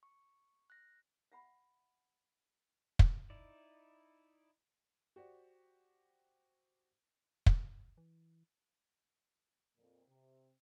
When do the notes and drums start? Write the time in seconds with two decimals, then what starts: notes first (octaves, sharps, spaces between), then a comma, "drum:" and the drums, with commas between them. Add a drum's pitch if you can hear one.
0.03 C#6
0.70 F#6 A#6
1.32 E5 F#5 B5
2.99 drum: kick
3.30 D#4 E4 D5
5.16 F#4 G4 C5 D5
7.46 drum: kick
7.97 E3
9.76 F2 A#2
10.07 C3